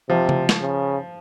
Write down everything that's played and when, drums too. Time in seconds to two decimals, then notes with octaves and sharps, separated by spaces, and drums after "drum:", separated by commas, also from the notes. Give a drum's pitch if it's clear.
0.09 C3 F3
0.29 drum: tom C#3
0.49 drum: snare
0.61 C#3